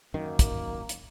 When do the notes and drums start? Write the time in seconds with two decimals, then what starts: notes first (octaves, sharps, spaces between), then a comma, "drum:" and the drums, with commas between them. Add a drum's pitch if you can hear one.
0.14 F#2 D#3 A#3
0.39 drum: kick, hi-hat
0.89 drum: hi-hat